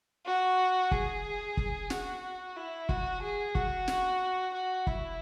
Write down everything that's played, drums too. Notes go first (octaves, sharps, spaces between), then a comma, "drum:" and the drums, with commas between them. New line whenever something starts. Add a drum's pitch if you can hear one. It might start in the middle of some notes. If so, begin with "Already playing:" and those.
F#4
G#4, drum: kick
drum: kick
F#4, drum: snare
E4
F#4, drum: kick
G#4
F#4, drum: kick
drum: snare
F#4
E4, drum: kick